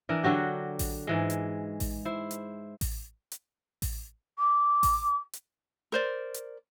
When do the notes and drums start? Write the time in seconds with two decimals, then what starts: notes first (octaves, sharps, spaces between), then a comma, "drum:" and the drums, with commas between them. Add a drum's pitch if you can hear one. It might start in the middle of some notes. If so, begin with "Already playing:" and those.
0.09 E3 D4 A#4
0.23 D3 F#3 F#4 G4
0.79 drum: kick A1, open hi-hat
1.07 G#2 E3 G#3
1.30 drum: hi-hat
1.80 drum: kick A1, open hi-hat
2.05 E4 C5
2.31 drum: hi-hat
2.81 drum: kick A1, open hi-hat
3.32 drum: hi-hat
3.82 drum: kick A1, open hi-hat
4.39 D6
4.83 drum: kick A1, open hi-hat
5.33 drum: hi-hat
5.92 A#4 C5 D5
6.34 drum: hi-hat